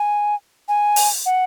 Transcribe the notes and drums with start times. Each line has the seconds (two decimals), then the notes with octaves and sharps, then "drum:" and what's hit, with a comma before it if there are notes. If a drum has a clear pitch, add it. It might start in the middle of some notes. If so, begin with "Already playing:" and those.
Already playing: G#5
0.68 G#5
0.96 drum: open hi-hat
1.26 F#5